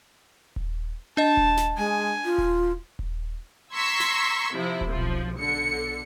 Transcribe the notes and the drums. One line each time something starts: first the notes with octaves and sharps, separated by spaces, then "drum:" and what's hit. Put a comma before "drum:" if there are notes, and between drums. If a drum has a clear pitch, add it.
drum: kick D#1
D4 D#5 A5
drum: kick D#1
drum: snare
G#3 G#5
F4
drum: kick D#1
drum: kick D#1
A#5 C6 C#6 E6 G#6 B6
drum: snare
C3 F3 E4
drum: kick D#1
B1 F3
B1 D3 C#7